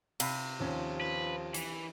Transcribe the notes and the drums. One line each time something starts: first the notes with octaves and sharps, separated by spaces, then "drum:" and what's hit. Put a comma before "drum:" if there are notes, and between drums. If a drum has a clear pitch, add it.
C3 F5 B5, drum: cymbal
D#2 F3 C#4
B4
E3, drum: hi-hat